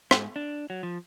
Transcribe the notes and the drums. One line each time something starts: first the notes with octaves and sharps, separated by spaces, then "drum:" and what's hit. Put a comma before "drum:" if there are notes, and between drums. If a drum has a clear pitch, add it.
G#2, drum: rim click
D4
F#3
F3